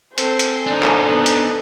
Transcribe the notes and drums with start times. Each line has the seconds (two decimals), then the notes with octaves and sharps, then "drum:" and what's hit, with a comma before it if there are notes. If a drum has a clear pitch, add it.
0.18 C4 A4 C5 G#5, drum: hi-hat
0.39 drum: hi-hat
0.66 D4 D#4
0.83 drum: clap
1.08 B3
1.26 drum: hi-hat